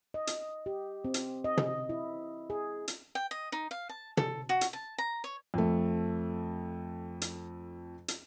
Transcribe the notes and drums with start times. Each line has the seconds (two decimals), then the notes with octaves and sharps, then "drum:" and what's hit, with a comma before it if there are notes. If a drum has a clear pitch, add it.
0.14 D#5
0.27 drum: hi-hat
0.66 G4
1.05 C4
1.14 drum: hi-hat
1.44 D#5
1.57 drum: tom
1.89 E4
2.50 G#4
2.88 drum: hi-hat
3.15 G5
3.31 D#5
3.52 D#4
3.71 F5
3.89 A5
4.17 A4, drum: tom
4.49 F#4
4.61 drum: hi-hat
4.73 A5
4.98 A#5
5.24 C#5
5.54 F2 A3
7.22 drum: hi-hat
8.08 drum: hi-hat